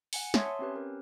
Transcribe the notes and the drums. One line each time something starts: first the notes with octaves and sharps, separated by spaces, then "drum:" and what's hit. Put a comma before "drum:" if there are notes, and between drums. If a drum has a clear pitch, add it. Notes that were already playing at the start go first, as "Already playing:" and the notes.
F#5 G#5 C#7, drum: open hi-hat
C#5 E5 A5 C6 D#6 G#6, drum: snare
C4 C#4 G4 B4
C#4 A#4